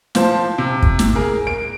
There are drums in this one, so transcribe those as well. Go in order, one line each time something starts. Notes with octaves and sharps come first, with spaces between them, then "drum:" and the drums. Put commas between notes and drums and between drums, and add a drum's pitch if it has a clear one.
F3 C5 A5, drum: snare
C3
drum: kick
drum: snare
G#4 A#4
D7